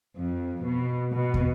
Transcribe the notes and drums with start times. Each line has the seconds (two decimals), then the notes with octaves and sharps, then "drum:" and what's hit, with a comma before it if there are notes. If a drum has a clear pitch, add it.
0.17 F2
0.65 B2
1.12 B2
1.34 drum: kick